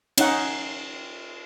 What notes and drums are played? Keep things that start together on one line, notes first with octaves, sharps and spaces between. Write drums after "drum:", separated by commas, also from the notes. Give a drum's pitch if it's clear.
C#4 D#4 F#5, drum: cymbal